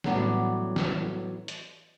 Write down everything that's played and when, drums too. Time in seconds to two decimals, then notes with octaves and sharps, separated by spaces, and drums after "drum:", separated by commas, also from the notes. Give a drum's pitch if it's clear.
0.04 A2 E3 F#3 G3 B3 D4, drum: snare
0.76 drum: snare
1.48 drum: hi-hat